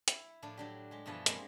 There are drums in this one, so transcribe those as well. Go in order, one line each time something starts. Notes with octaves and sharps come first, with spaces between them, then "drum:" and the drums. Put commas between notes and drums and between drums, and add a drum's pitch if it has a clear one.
E4, drum: hi-hat
A2 F3 D4
F#3 D4 G4
G#3 G4
G2 B2 E3 F3 B4 A5
G3 G#3 A#3 C4, drum: hi-hat